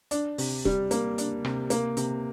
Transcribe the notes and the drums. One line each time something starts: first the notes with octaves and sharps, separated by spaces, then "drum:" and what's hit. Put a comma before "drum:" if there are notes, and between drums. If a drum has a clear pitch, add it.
D4, drum: hi-hat
C3, drum: open hi-hat
G3, drum: kick E1
A#3, drum: hi-hat
D4, drum: hi-hat
C3, drum: rim click
A#3, drum: hi-hat
C3, drum: hi-hat